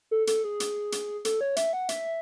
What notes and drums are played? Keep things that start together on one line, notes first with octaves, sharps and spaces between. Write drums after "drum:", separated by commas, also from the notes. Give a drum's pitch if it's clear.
A4
A4, drum: hi-hat
G#4
drum: hi-hat
drum: hi-hat
A4, drum: hi-hat
C#5
E5, drum: hi-hat
F#5
E5, drum: hi-hat